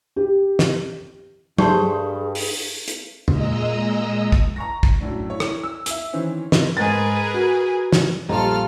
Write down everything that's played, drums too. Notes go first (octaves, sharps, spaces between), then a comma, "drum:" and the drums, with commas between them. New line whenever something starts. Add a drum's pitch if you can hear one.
G4
drum: snare
G2 A3 G4 G#4 C5 C6, drum: tom
drum: open hi-hat
drum: hi-hat
A#2 G#3 D#5 A#5 E6, drum: tom E2
drum: kick
A#5 C#6 A#6
drum: kick
F#2 A2 D4
E4 C#5
drum: rim click
E6
E5 E6, drum: hi-hat
D#3 E3 C4 C#4
drum: snare
G#2 G#4 A#4 B4 A6
F#4
drum: snare
A#1 G3 F4 A4 A#5 F6